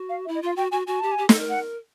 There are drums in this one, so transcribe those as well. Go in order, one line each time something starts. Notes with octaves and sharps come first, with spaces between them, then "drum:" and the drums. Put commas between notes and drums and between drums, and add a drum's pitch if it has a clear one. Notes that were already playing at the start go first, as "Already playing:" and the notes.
Already playing: F#4
F5
E5
E4
D#5
F4 F5
F#4 G5
F#4 G#5
F#4 G#5
G4 A5
G#5
G4
A4, drum: snare
A#4
F#5